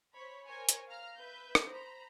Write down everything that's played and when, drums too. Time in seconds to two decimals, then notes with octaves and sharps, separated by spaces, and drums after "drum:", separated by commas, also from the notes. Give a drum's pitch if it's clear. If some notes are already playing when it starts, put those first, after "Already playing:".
0.14 C5 C#5 B5
0.47 A#4 C5 C#5 G#5
0.69 drum: hi-hat
0.88 F5 A#5 F6
1.18 B4 E5 G6
1.55 drum: rim click
1.67 C5 A#5 B5